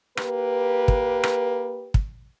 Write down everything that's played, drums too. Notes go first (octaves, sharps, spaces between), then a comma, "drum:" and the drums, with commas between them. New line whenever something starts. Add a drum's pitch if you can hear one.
A#3 G4 B4, drum: rim click
drum: kick
drum: rim click
drum: kick